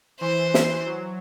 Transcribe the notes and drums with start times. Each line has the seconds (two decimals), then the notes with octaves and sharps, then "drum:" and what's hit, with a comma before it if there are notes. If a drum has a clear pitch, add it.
0.21 E3 C5
0.54 E3, drum: snare
0.86 F#3